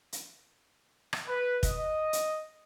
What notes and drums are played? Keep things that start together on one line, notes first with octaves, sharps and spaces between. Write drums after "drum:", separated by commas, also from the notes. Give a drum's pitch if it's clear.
drum: hi-hat
drum: rim click
B4
D#5, drum: kick, hi-hat
drum: hi-hat